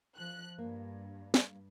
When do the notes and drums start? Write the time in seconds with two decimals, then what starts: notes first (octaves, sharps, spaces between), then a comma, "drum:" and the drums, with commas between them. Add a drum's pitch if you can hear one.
0.18 F3 F#6
0.58 G2 A#3
1.34 drum: snare